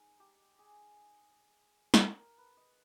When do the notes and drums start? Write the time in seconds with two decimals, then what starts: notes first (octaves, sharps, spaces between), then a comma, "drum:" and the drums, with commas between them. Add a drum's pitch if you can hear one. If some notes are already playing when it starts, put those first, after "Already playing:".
Already playing: G#3 D#4
0.20 G4
0.59 G#4
1.94 drum: snare
2.17 A#4
2.38 B4
2.57 D#5